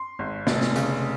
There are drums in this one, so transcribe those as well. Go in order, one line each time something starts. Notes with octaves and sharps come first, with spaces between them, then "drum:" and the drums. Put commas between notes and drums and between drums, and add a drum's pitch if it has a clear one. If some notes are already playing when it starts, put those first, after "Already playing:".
Already playing: C6
G#1
F1, drum: snare
drum: snare
C#3, drum: hi-hat